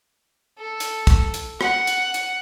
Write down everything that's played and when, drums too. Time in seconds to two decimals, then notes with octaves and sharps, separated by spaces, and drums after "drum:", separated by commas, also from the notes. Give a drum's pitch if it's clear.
0.59 A4
0.80 drum: hi-hat
1.07 drum: kick, hi-hat
1.34 drum: hi-hat
1.61 F#5, drum: rim click
1.87 drum: hi-hat
2.14 drum: hi-hat